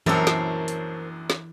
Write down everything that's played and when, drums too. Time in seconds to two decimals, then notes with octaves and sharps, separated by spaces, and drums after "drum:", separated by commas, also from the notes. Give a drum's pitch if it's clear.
0.06 A#1 F#2 E3 A#4 C5 C#5 A5 E6
0.27 drum: snare
0.68 drum: hi-hat
1.30 drum: snare